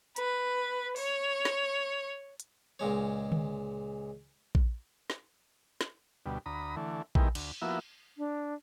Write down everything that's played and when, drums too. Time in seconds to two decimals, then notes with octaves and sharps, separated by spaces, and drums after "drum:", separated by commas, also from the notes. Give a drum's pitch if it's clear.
0.16 B4, drum: hi-hat
0.96 C#5, drum: open hi-hat
1.45 drum: snare
2.40 drum: hi-hat
2.79 C#2 A#2 G#3 C#5
3.32 drum: tom D3
4.55 drum: kick A#1
5.10 drum: snare
5.81 drum: snare
6.26 D2 B2 G3
6.46 D2 A#5 B5 D#6
6.76 D3 E3 A3
7.15 B2 D#3 G#3 E4 G4 A#4, drum: kick A#1
7.35 D2, drum: cymbal
7.62 F3 A#3 B3 E4 F#4 E5
8.18 D4